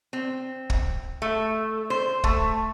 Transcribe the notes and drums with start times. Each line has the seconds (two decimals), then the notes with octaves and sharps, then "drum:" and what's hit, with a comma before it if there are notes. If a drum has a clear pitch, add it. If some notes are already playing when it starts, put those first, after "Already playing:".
0.13 C4
0.70 drum: kick
1.22 A3
1.90 C5
2.24 A3, drum: kick